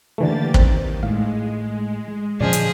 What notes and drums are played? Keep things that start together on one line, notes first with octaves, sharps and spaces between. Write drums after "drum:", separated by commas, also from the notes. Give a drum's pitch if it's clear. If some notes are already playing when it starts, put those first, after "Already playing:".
D3 E3 A3 A#3 G4 A6
D#3 C4, drum: kick
A2 G#3 F5
A#2 D3 F3 C#4 G#4 D5 D#5
drum: hi-hat